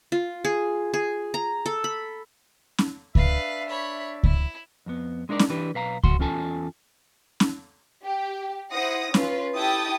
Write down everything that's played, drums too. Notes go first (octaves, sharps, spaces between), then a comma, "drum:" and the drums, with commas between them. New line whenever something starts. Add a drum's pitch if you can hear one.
F4
G#4
G#4
A#5
A4
B5
drum: snare
D4 B4 E5 F5, drum: kick C#2
C#5 B5
E4, drum: kick C#2
F2 B3
G#3 D4 D#4 A#4 D5
drum: snare
E3 D4 G4 B4
B1 B4 F5 A#5
F2 F#4 C6, drum: kick C#2
E2 C#4 F4 A4 G#5 A5
drum: snare
G4
E4 C5 F#5 D#6 A#6
C#4 F4 B4, drum: snare
E4 G4 A4 G5 D#6 A6